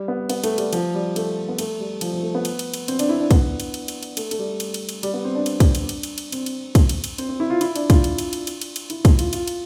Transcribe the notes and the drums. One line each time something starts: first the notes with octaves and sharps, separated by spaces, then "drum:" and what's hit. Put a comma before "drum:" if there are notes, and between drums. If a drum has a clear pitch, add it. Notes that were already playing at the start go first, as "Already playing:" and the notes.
Already playing: G3
B3
B3, drum: cymbal
A3, drum: cymbal
G3, drum: cymbal
F3, drum: cymbal
G3
A3, drum: cymbal
B3
A3, drum: cymbal
G3
F3, drum: cymbal
F3
A3
B3
drum: cymbal
drum: cymbal
drum: cymbal
C4, drum: cymbal
D4, drum: cymbal
E4
D4
B3, drum: kick, cymbal
drum: cymbal
drum: cymbal
drum: cymbal
drum: cymbal
A3, drum: cymbal
A3, drum: cymbal
G3
drum: cymbal
drum: cymbal
drum: cymbal
G3, drum: cymbal
B3
C4
D4
drum: cymbal
drum: kick, cymbal
drum: cymbal
drum: cymbal
drum: cymbal
drum: cymbal
C4, drum: cymbal
drum: cymbal
drum: kick, cymbal
drum: cymbal
drum: cymbal
C4, drum: cymbal
C4
E4
F4
E4, drum: cymbal
D4, drum: cymbal
F4, drum: kick, cymbal
drum: cymbal
drum: cymbal
drum: cymbal
drum: cymbal
drum: cymbal
drum: cymbal
E4, drum: cymbal
E4, drum: kick, cymbal
F4, drum: cymbal
F4, drum: cymbal
drum: cymbal